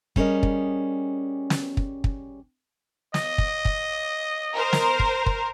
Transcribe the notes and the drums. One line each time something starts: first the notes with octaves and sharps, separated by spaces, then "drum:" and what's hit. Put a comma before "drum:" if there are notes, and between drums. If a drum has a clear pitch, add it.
G3 C#4 G#4 A#4 D#5, drum: kick
drum: kick
drum: snare
drum: kick
drum: kick
D#5, drum: snare
drum: kick
drum: kick
A#4 C5
drum: snare
drum: kick
drum: kick